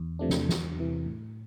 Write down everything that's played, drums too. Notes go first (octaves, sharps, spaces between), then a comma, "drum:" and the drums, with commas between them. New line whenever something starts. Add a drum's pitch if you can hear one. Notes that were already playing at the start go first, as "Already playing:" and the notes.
Already playing: E2
C3 F3 A3 D4
drum: snare
E2, drum: snare
C3 E3
A2